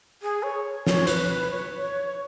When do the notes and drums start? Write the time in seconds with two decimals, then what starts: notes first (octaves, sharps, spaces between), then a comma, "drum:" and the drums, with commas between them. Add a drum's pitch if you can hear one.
0.22 G#4
0.43 C#5
0.87 C#5, drum: snare
1.07 B4, drum: hi-hat
1.29 B4
1.51 C#5
1.82 C#5